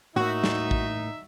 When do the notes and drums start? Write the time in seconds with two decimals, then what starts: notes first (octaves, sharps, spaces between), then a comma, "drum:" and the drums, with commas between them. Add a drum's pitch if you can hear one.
0.16 A2 A#3 D#4 F#4 E5
0.44 drum: snare
0.71 drum: kick A1